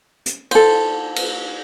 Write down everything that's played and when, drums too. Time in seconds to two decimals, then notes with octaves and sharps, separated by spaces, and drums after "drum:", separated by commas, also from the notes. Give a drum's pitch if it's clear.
0.26 drum: hi-hat
0.51 A4 C5, drum: cymbal
1.16 drum: cymbal